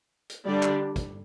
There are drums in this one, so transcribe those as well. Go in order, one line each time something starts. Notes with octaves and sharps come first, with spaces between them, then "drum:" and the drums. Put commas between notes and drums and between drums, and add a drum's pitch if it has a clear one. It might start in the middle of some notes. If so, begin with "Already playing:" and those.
drum: hi-hat
D3 G3 D4 D5
drum: clap
drum: kick, hi-hat